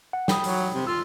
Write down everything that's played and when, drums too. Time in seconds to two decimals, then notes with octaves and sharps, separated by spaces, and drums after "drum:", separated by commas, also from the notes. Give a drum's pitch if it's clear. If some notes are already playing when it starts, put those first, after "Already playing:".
0.13 F#5
0.28 G5 B5 D#6, drum: snare
0.44 F#3, drum: open hi-hat
0.74 C3
0.87 F4 E6